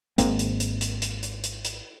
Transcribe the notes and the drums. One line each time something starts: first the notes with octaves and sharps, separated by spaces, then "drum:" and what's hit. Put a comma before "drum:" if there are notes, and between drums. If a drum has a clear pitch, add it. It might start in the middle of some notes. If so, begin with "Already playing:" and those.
G#1 G#2 A#3 C4, drum: hi-hat
drum: hi-hat
drum: hi-hat
drum: hi-hat
drum: hi-hat
drum: hi-hat
drum: hi-hat
drum: hi-hat